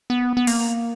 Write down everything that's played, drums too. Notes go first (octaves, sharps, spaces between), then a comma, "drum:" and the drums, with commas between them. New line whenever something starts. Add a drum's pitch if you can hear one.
B3
B3
A#3, drum: open hi-hat